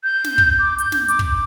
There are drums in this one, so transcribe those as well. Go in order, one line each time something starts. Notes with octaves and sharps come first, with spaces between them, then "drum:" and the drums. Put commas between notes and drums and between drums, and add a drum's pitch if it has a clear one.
G6
drum: snare
drum: kick
D6
G6, drum: hi-hat
drum: snare
D6, drum: hi-hat
drum: kick